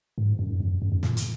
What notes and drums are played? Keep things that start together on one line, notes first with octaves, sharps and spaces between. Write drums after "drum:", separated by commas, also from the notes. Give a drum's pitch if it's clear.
G#2
F#2
F2
F#2
F#2
A#2, drum: snare
drum: hi-hat